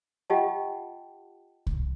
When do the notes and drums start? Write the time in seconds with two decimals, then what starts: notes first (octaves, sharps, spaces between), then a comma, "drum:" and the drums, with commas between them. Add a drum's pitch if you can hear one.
0.30 F4 G4 D#5 F#5 G5 A5
1.67 drum: kick C2